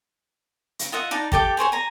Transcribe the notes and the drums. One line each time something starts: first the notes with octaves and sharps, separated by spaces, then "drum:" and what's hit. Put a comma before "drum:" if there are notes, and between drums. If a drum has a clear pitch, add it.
drum: hi-hat
F4 D#5 E5 F#5
D#4 D5 A5 A#5
G4 A4 G5 D6, drum: kick
G#4 C5 C#5 G#5
G#5 A#5